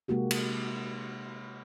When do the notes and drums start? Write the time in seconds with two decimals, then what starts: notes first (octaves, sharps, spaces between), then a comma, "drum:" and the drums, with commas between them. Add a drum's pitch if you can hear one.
0.08 C3 G#3 A#3 D#4 F#4 G4
0.31 drum: cymbal